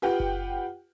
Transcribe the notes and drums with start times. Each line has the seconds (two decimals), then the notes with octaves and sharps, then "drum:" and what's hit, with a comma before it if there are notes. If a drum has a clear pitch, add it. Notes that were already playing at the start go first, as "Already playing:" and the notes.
0.02 F4 G4 B4 F#5 G5
0.20 drum: kick F#1